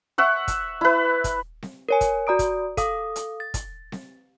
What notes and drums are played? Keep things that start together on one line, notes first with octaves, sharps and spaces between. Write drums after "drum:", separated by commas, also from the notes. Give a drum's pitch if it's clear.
E5 F#5 C#6
drum: kick, hi-hat
E4 B4
drum: kick, hi-hat
drum: snare C4
A#4 C#5 G#5
drum: kick, hi-hat
F#4 D5 A#5 D#6 D7
drum: kick, hi-hat
A4 F5 D#6, drum: kick, hi-hat
drum: hi-hat
A6
drum: kick, hi-hat
drum: snare C4